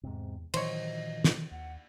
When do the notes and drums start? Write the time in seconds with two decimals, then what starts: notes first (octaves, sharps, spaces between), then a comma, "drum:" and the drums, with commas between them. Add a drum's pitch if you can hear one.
0.03 E2 G#2 C3
0.54 A#2 D#3 E3 F#3 C5 C#5 D#5, drum: cymbal
1.24 drum: snare
1.51 D#2 F#5